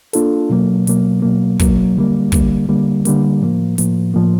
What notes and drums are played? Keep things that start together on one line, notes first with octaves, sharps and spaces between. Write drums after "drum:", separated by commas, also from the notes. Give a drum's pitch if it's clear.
A#3 D4 F4 A4, drum: hi-hat
B2 F#3 A#3
B2 F#3 A#3, drum: hi-hat
B2 F#3 A#3
B2 F#3 A#3, drum: kick, hi-hat
D3 G3 A#3
D3 G3 A#3, drum: kick, hi-hat
D3 G3 A#3
D3 G3 A#3, drum: hi-hat
A2 F3 A#3
A2 F3 A#3, drum: hi-hat
A2 F3 A#3